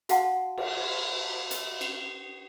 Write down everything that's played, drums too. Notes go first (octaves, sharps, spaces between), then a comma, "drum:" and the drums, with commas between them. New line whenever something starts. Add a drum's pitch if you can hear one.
F#4 F5 F#5 A5 C6, drum: hi-hat
drum: cymbal
drum: hi-hat
drum: cymbal